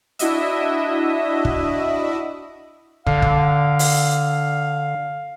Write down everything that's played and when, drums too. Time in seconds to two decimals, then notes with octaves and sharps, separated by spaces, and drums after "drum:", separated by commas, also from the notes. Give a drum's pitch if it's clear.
0.19 D4 E4 F#4 D#5 E5, drum: hi-hat
1.45 drum: kick
3.07 D3 F5, drum: kick
3.22 drum: kick
3.79 drum: open hi-hat